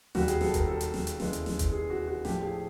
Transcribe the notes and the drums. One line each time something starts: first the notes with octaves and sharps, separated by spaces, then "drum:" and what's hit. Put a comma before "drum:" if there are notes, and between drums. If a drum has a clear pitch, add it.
E1 D#2 D#3 G3 A#3 F#4, drum: snare
G#4, drum: hi-hat
A4, drum: snare
A#4, drum: kick F#1, hi-hat
A4
drum: hi-hat
drum: snare
drum: hi-hat
E1 D#2 C#3 E3 G#3, drum: snare
drum: hi-hat
drum: snare
drum: kick F#1, hi-hat
G#4
F#4
F#4
A#1 A2 F3 G4, drum: snare
G#4